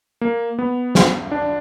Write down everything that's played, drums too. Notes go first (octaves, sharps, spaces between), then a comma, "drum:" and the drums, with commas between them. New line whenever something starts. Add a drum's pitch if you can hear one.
A#3
B3
drum: snare
D4